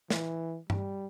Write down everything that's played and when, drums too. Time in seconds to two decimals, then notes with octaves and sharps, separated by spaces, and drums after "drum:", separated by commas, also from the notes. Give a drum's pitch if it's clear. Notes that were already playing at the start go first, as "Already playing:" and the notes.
0.10 E3, drum: snare
0.70 G3, drum: tom G2